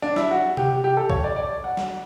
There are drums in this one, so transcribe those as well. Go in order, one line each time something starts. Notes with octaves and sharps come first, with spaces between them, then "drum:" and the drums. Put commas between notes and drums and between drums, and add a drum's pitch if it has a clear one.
D4
E4, drum: snare
F#4
G4, drum: tom C3
G4
A4
C#5, drum: kick
D5
D5
F#5
drum: snare